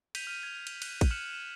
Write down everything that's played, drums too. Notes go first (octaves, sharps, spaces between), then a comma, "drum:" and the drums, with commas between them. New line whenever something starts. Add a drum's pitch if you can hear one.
G6 B6 D#7 F7, drum: cymbal
F6 G6 D#7
G#6 F7
drum: cymbal
F#6, drum: cymbal
drum: kick, cymbal
F6 F#6 C#7 E7 F#7
D#7 E7